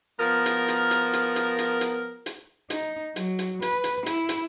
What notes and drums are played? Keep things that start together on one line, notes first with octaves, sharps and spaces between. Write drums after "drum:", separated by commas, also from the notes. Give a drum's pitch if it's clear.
F3 B3 A#4
drum: hi-hat
drum: hi-hat
drum: hi-hat
drum: hi-hat
drum: hi-hat
drum: hi-hat
drum: hi-hat
drum: hi-hat
D#4, drum: hi-hat
F#3, drum: hi-hat
drum: hi-hat
B4, drum: hi-hat
drum: hi-hat
E4, drum: hi-hat
drum: hi-hat